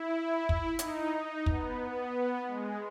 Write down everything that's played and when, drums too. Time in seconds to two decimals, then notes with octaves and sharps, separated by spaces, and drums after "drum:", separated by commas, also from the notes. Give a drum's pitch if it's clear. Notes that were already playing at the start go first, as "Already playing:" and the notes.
Already playing: E4
0.49 drum: kick
0.79 D#4, drum: hi-hat
1.12 D#4
1.46 B3, drum: kick
1.80 B3
2.47 G#3